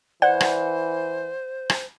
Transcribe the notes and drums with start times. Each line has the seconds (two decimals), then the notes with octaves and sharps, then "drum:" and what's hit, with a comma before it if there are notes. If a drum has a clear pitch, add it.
0.22 E3 C5 D5 F#5
0.41 drum: rim click
1.70 drum: rim click